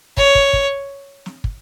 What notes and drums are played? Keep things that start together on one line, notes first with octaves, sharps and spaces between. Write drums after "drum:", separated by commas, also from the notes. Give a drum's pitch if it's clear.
C#5, drum: kick
drum: kick
drum: kick
drum: snare
drum: kick